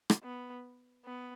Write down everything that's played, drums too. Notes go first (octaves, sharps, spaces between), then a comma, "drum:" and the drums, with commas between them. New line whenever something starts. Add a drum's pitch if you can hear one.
drum: rim click
B3
B3